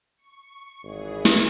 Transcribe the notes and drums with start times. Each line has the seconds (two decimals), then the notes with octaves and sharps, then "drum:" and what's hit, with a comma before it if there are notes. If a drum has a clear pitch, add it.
0.17 C#6
0.84 G#1 E3 G#4
1.25 drum: snare